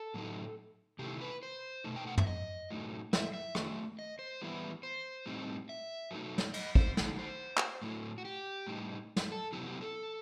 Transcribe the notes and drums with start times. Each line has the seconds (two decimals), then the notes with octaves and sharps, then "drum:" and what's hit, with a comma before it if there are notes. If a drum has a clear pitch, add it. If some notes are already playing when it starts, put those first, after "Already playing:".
Already playing: A4
0.14 A2 F#3 A3 D#4
0.99 C3 D#3 A3 E4 G4
1.21 B4
1.43 C5
1.84 B2 A3 D#4
1.96 G5
2.07 F#5
2.18 E5, drum: tom
2.27 D#5
2.70 A2 F#3 A3 D#4
3.13 E5, drum: snare
3.34 E5
3.55 D#3 F#3 A3, drum: rim click
3.99 D#5
4.19 C5
4.41 E3 G3 B3 E4
4.83 C5
5.26 A2 G3 C4 D#4
5.69 E5
6.11 F#3 A3 D#4
6.38 drum: snare
6.54 D#5, drum: cymbal
6.75 C5, drum: kick
6.97 D#3 A3 D#4, drum: snare
7.19 C5
7.57 drum: clap
7.82 A2 F#3 A3 E4
8.18 F#4
8.25 G4
8.67 A2 G3 D#4
9.16 drum: snare
9.32 A4
9.53 C3 F#3 B3 E4 G4
9.67 G4
9.81 A4